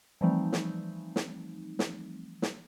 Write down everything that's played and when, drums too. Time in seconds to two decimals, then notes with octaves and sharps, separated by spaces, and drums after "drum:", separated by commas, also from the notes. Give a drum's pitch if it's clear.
0.21 E3 F3 G3 A3 C4 D#4
0.53 drum: snare
1.16 drum: snare
1.79 drum: snare
2.42 drum: snare